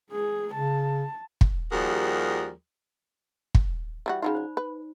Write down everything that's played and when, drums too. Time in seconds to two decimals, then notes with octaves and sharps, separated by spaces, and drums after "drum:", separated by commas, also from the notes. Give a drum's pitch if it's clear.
0.11 G#3 G#4
0.54 C#3 A5
1.41 drum: kick
1.72 D#2 F3 G3 F#4 G#4 A#4
3.55 drum: kick
4.06 E3 G3 F#4
4.22 C#3 F#3 D#4 F4 B5
4.35 C5 D5
4.57 B4